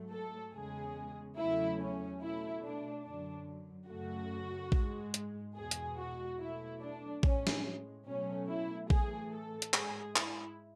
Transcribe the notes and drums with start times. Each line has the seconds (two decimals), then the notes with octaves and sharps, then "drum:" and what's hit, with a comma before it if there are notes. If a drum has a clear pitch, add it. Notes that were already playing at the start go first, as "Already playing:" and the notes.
Already playing: G#2 F#3 A3
0.12 A4
0.54 E2 C#3 G#3 G#4
1.37 E2 C#3 F#3 A3 E4
1.79 C#4
2.21 B2 A3 E4
2.63 D4
3.05 F#2 D3 F#3 D4
3.88 F#2 C#3 F#3 A3 F#4
4.72 G#2 G#3, drum: kick A#1
5.14 drum: hi-hat
5.56 E2 B2 G#3 G#4
5.71 drum: hi-hat
5.97 F#4
6.39 B2 F#3 A3 E4
6.81 D4
7.23 A2 G#3 C#4, drum: kick A#1
7.47 drum: snare
8.07 B2 F#3 A3 C#4
8.49 E4
8.90 A2 E3 A3 G#4, drum: kick A#1
9.32 A4
9.62 drum: hi-hat
9.74 G#2 G#3 G#4, drum: clap
10.16 E4, drum: clap